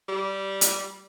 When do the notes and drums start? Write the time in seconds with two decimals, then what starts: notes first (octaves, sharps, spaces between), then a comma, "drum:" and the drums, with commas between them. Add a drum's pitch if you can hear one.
0.08 G3
0.61 drum: hi-hat